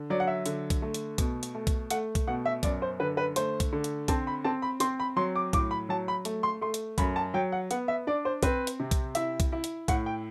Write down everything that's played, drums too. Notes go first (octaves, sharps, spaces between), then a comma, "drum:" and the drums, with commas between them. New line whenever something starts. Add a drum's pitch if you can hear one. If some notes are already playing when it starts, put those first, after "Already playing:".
Already playing: D3
F#3 D5
F#5
E5
D3, drum: hi-hat
drum: kick B1, hi-hat
A3
drum: hi-hat
B2, drum: kick B1, hi-hat
drum: hi-hat
A3
drum: kick B1, hi-hat
A3 F#5, drum: hi-hat
drum: kick B1, hi-hat
B2 F#5
E5
F#2 D5, drum: kick B1, hi-hat
C5
D3 B4
B4
A3 C5, drum: hi-hat
drum: kick B1, hi-hat
D3
drum: hi-hat
C4 A5, drum: kick B1, hi-hat
B5
C4 A5
B5
C4 C6, drum: hi-hat
B5
F#3 C6
D6
A2 D6, drum: kick B1, hi-hat
B5
F#3 A5
B5
A3, drum: hi-hat
C6
A3 C6
drum: hi-hat
F#2 B5, drum: kick B1, hi-hat
A5
F#3 G5
F#5
B3 F#5, drum: hi-hat
E5
D4 D5
C5
C4 B4, drum: kick B1, hi-hat
drum: hi-hat
C3
drum: kick B1, hi-hat
E4 E5, drum: hi-hat
drum: kick B1, hi-hat
E4
drum: hi-hat
A2 F#5, drum: kick B1, hi-hat
G5